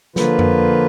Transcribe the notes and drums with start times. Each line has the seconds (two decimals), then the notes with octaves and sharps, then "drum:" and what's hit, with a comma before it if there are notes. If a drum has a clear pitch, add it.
0.16 D3 F3 A#3 F4 B4, drum: snare
0.39 drum: tom F2